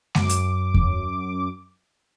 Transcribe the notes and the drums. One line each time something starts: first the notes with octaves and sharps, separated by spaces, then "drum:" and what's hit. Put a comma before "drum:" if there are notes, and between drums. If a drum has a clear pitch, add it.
F#2 D6, drum: snare G#3
drum: hi-hat
drum: kick E2